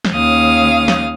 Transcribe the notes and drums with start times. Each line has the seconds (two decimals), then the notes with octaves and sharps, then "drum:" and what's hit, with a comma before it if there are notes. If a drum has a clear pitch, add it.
0.05 drum: snare
0.14 D#2 C#4 F5 D#6
0.88 drum: snare